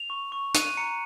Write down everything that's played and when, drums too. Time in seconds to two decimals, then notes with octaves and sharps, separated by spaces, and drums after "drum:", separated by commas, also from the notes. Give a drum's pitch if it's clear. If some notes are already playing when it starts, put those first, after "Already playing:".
Already playing: F7
0.10 C#6
0.32 C#6
0.54 F#6 D#7, drum: hi-hat
0.77 A#5 C#7